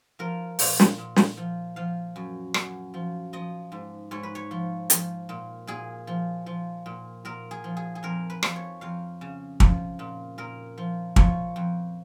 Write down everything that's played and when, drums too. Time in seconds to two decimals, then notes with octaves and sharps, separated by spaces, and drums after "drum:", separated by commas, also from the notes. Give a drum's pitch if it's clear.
0.19 F3 A#4
0.59 A#2, drum: open hi-hat
0.80 drum: snare
0.98 A#2
1.16 drum: snare
1.37 F3
1.76 F3 F5
2.16 F#2
2.54 F#2, drum: rim click
2.94 F3
3.33 F3 D#5
3.72 G#2
4.11 G#2 C#5
4.23 B4
4.35 C#5
4.51 F3
4.90 F3, drum: hi-hat
5.29 A#2
5.67 A#2 G#4
6.07 F3
6.46 F3
6.86 A#2
7.25 A#2 A#4
7.51 G#4
7.64 F3
7.77 G#4
7.95 G#4
8.03 F2 A#4
8.30 B4
8.43 F3, drum: rim click
8.56 C#5
8.81 F2 F5
9.21 C#3
9.60 F3, drum: kick
9.99 A#2
10.38 A#2 A#4
10.78 F3
11.16 F3 C#5, drum: kick
11.56 F2